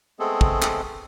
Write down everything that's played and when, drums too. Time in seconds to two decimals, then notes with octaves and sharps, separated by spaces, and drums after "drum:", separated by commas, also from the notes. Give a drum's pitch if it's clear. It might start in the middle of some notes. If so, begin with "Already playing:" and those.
0.20 G#3 A3 B3 C4 G#4 A4
0.41 drum: kick
0.62 drum: clap